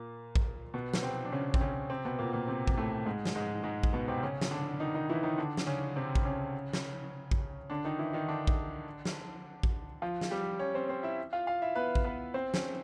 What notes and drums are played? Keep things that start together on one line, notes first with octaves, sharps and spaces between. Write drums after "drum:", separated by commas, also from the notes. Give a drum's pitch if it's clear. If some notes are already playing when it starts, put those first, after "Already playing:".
Already playing: A#2 A#3
drum: kick A1
B2 B3
drum: snare
C3 C4
D4
C#3 C#4
C4, drum: kick A1
C#3 C#4
C3 C4
B2 B3
A#2 A#3
A#2 A#3
C3 C4
drum: kick A1
A2 A3
G#2 G#3
drum: snare
G#2 G#3
G#2 G#3
drum: kick A1
B2 B3
C3 C4
C#3 C#4
drum: snare
D3 D4
D#3 D#4
D#3 D#4
E3 E4
D#3 D#4
D3 D4
drum: snare
C#3 C#4
C3 C4
drum: kick A1
C#3 C#4
drum: snare
drum: kick A1
D3 D4
D#3 D#4
E3 E4
D#3 D#4
D3 D4
drum: kick A1
drum: snare
drum: kick A1
F3 F4
drum: snare
G3 G4
C#4 C#5
C4 C5
C4 C5
E4 E5
F4 F5
F4 F5
E4 E5
B3 B4
drum: kick A1
B3 B4
C4 C5
C#4 C#5, drum: snare